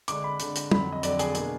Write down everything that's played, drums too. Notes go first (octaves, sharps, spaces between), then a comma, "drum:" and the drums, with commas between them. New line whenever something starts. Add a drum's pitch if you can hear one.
D3 G#3 D4 D6, drum: hi-hat
B5
D3 G#3 D4, drum: hi-hat
drum: hi-hat
F2 D3 F#3 B5, drum: tom
D#5
F2 D3 F#3 D5, drum: hi-hat
G#4, drum: hi-hat
B2 A#3 D4 G#4, drum: hi-hat